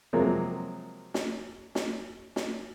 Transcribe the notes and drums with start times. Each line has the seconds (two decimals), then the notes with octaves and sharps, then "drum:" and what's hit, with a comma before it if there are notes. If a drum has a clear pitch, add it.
0.13 C3 F3 F#3 G#3 A#3 C4
1.14 drum: snare
1.75 drum: snare
2.36 drum: snare